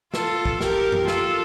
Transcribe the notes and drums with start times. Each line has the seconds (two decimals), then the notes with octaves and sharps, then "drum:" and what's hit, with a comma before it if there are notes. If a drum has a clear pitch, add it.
0.14 F4 A4, drum: snare
0.45 drum: kick
0.61 G4 A#4, drum: snare
0.92 drum: tom F#2
1.08 F4 A4, drum: snare